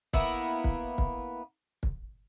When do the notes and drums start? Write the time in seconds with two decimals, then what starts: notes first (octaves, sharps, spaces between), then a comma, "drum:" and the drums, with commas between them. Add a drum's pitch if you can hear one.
0.13 A#3 B3 E4, drum: kick
0.64 drum: kick
0.98 drum: kick
1.83 drum: kick